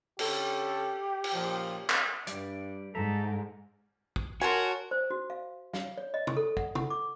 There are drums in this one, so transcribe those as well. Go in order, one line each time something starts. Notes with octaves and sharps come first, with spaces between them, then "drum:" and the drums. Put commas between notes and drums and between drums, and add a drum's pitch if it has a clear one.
D3 C#4 G4 A4, drum: cymbal
drum: cymbal
A#2 C#3 F3
drum: clap
G2 G3 D5, drum: hi-hat
G#2 A4 E5 A#5
drum: kick
F#4 A#4 C#5 G#5 A5 C6
C5
F#4
F5
F5, drum: snare
C#5
D#5
drum: tom
A4
F#5, drum: kick
F#5, drum: tom
D6